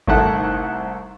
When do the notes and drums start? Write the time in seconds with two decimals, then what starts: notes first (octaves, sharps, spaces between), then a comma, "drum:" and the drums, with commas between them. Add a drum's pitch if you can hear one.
0.07 C2 D#3 A3 E5 F#5, drum: kick G1